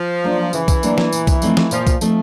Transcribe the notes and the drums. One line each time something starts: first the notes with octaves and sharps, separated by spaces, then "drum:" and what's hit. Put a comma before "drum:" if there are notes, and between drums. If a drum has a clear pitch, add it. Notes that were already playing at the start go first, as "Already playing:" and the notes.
Already playing: F3
F#3 A#3 D4
C#3 E3, drum: tambourine
drum: kick, tambourine
F#3 A#3 D4, drum: tambourine
drum: snare
A#2, drum: tambourine
drum: kick, tambourine
F3 A3 C4 D#4, drum: tambourine
drum: snare
A#2 F3, drum: tambourine
drum: kick, tambourine
F3 A3 C4 D#4, drum: tambourine